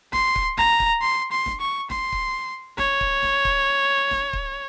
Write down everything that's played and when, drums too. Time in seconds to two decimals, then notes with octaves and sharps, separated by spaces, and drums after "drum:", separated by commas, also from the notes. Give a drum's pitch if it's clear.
0.13 C6, drum: snare E1
0.36 drum: kick C#1
0.58 A#5, drum: snare E1
0.80 drum: kick C#1
1.02 C6
1.31 C6
1.46 drum: snare E1
1.61 C#6
1.90 C6, drum: snare E1
2.12 drum: kick C#1
2.78 C#5, drum: snare E1
3.01 drum: kick C#1
3.23 drum: snare E1
3.45 drum: kick C#1
4.11 drum: snare E1
4.33 drum: kick C#1